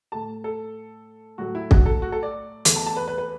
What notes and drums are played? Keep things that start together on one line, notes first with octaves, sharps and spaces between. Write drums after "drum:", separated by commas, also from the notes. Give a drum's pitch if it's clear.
A2 A3 A5
A4
A2 F#3 A3 F#4
E4
F#4, drum: kick
A4
F#4
A4
D5
E2 E3 A3, drum: hi-hat
A5
A5
B4
B4
B4